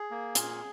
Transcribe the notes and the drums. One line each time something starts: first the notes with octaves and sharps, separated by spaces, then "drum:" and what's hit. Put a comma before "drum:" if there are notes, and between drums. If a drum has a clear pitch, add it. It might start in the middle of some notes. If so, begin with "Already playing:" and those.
Already playing: G#4
A#3
A#2, drum: hi-hat